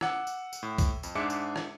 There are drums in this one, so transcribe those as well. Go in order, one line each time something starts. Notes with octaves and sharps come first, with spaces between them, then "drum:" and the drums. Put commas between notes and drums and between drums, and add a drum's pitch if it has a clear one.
F#5 D6 E6, drum: rim click
drum: tambourine
drum: tambourine
A2
drum: kick, tambourine
F2, drum: tambourine
G#2 D4 G#4 E5 D6 C#7
drum: tambourine
drum: rim click